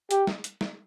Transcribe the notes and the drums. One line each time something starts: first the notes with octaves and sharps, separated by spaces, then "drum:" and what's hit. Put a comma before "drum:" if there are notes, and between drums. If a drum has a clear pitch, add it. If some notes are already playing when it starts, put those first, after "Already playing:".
G4, drum: hi-hat
drum: snare
drum: hi-hat
drum: snare